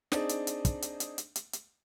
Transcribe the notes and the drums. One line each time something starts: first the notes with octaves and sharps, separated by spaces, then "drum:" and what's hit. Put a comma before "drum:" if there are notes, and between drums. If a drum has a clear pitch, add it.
C4 D4 D#4 G#4, drum: snare
drum: hi-hat
drum: hi-hat
drum: kick, hi-hat
drum: hi-hat
drum: hi-hat
drum: hi-hat
drum: hi-hat
drum: hi-hat